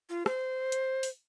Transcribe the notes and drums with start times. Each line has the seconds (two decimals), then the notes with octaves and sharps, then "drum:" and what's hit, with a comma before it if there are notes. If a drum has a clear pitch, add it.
0.10 F4
0.26 C5, drum: rim click
0.72 drum: hi-hat
1.03 drum: open hi-hat